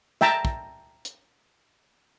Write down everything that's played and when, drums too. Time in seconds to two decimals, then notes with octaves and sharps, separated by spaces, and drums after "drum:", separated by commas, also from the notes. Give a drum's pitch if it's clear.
0.21 E5 G5 A5 A#5, drum: snare
0.45 drum: kick
1.05 drum: hi-hat